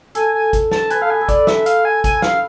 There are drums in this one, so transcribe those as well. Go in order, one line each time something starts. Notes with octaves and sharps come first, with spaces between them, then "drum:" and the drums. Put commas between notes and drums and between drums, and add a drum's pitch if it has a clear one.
A4 G#5, drum: hi-hat
G#5
drum: kick G#1, hi-hat
A5, drum: snare
B4 G#5, drum: hi-hat
A4 F5
G#4 G#5
A4
D5, drum: kick G#1, hi-hat
E5, drum: snare
F5, drum: hi-hat
G#5
G#5, drum: kick G#1, hi-hat
F5, drum: snare